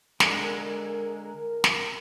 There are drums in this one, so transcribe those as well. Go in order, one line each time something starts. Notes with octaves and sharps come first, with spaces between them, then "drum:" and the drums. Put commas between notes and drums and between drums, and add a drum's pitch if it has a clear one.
D3 G#3 A#4, drum: snare
drum: snare